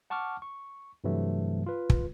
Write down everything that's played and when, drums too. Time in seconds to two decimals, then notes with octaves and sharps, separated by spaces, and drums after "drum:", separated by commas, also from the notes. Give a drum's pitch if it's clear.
0.10 F#5 A5 C#6 D6 F6
0.42 C#6
1.04 G2 C3 E3 F#3 A3
1.66 F4 B4
1.90 drum: kick